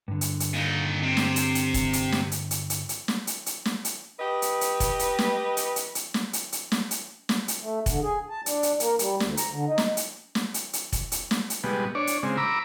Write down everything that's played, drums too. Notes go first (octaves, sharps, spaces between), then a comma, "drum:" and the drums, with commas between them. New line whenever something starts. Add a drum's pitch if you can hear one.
G2 D3
drum: hi-hat
drum: hi-hat
A#2 D#4
C3
drum: snare
drum: hi-hat
drum: hi-hat
drum: kick, hi-hat
drum: hi-hat
drum: snare
drum: hi-hat
drum: hi-hat
drum: hi-hat
drum: hi-hat
drum: snare
drum: hi-hat
drum: hi-hat
drum: snare
drum: hi-hat
G4 B4 D#5
drum: hi-hat
drum: hi-hat
drum: kick, hi-hat
drum: hi-hat
drum: snare
drum: hi-hat
drum: hi-hat
drum: hi-hat
drum: snare
drum: hi-hat
drum: hi-hat
drum: snare
drum: hi-hat
drum: snare
drum: hi-hat
A3
D3, drum: kick, hi-hat
G#4
A5
D4, drum: hi-hat
drum: hi-hat
A#3, drum: hi-hat
G3, drum: hi-hat
D2, drum: snare
A#5, drum: hi-hat
D3
D#4
drum: snare
drum: hi-hat
drum: snare
drum: hi-hat
drum: hi-hat
drum: kick, hi-hat
drum: hi-hat
drum: snare
drum: hi-hat
B2 G3 G#3 B3
D4 C#5 D5
drum: hi-hat
C#3 G#3 C4
A#5 B5 D6 E6